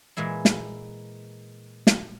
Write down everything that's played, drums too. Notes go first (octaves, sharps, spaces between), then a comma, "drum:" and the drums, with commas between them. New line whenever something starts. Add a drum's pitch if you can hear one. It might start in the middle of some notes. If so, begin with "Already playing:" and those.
A#2 E3 G#3 E4
drum: snare
drum: snare